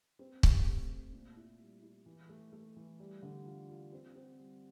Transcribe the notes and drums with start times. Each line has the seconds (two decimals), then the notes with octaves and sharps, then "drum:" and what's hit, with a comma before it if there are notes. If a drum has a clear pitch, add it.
0.19 C4
0.43 G4, drum: kick
0.67 A3
0.90 A3
1.13 A#2
1.36 E4
1.60 G3
1.82 E4
2.06 E3
2.29 A3
2.53 A3
2.76 E3
3.00 G3
3.22 D3
3.46 F4
3.70 F4
3.92 C4
4.15 C4
4.39 G3